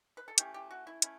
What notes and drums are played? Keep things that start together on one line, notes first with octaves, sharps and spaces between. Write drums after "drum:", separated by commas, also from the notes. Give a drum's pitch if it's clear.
B4
A4
E3 A3 C#4 G4, drum: hi-hat
G4
F#4
E4
A3 C#4 E4, drum: hi-hat